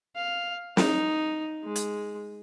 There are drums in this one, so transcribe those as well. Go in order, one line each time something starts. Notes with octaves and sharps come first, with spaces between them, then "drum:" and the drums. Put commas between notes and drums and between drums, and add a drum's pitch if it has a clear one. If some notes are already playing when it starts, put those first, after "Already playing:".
F5
D#4, drum: snare
G#3
drum: hi-hat